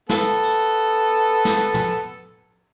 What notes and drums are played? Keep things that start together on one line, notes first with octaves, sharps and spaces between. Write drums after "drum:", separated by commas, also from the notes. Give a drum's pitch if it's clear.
B3 A4, drum: snare
drum: cymbal
drum: snare
drum: tom